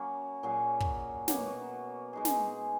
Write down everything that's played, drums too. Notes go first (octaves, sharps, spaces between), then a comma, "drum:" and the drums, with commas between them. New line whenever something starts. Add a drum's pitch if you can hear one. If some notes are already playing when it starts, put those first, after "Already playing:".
Already playing: F#3 A#3 C#4
A#2 F#3 C#4 G#4
drum: kick
B2 F#3 A#3, drum: snare
G#3 D#4 G#4
drum: snare